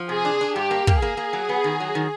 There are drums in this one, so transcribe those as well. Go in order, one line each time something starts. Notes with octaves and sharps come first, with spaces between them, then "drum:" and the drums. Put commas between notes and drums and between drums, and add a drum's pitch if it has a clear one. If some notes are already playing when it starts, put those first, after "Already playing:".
Already playing: F3
C3 G#4
D4
D4
G2 G4
A#3
A#3, drum: kick
A#3 G#4
A#3
F#3
B3
D#3
F#3
D#3